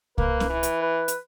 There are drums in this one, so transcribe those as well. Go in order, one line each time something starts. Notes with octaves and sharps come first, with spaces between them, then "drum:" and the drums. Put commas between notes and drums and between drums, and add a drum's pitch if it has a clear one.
A#3 B4, drum: kick C2
drum: snare C#4
E3
drum: hi-hat
B4
drum: hi-hat